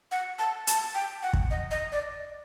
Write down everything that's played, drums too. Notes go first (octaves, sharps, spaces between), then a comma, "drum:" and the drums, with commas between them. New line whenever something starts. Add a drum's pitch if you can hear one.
F#5
A5
A5, drum: hi-hat
G5
F#5
drum: kick
D#5
D#5
D5